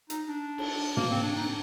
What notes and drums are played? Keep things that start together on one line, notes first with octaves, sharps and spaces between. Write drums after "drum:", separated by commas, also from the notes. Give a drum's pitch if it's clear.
D#4, drum: hi-hat
D4
drum: cymbal
A#3, drum: tom
C4
D4
D#4